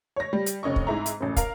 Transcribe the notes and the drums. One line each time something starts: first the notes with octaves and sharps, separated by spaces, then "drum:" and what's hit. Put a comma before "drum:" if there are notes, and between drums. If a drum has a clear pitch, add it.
C#5 A#6
G3
drum: hi-hat
F1 C#4 D#5 C#6
drum: kick
G#2 G#3 E4 A#5
drum: hi-hat
A1 F#2
A#4 F5, drum: kick, hi-hat